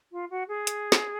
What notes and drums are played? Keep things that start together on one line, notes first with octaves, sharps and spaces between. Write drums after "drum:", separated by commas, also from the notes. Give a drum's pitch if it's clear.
F4
F#4
G#4
drum: hi-hat
drum: snare